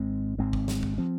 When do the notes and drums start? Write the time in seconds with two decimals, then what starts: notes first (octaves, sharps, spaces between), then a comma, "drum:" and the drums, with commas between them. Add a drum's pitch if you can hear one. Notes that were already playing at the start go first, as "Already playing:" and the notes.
Already playing: G#1 G#2 G#3 C4
0.38 G#1 G#2 G#3 C4
0.53 drum: kick
0.68 drum: snare
0.83 drum: kick
0.98 F3 C4